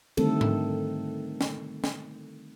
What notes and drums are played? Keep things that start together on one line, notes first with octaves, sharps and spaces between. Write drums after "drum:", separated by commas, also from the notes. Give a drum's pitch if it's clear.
D3 D#3 G3 A3 C4 A4, drum: cymbal
drum: tom G#2
drum: snare
drum: snare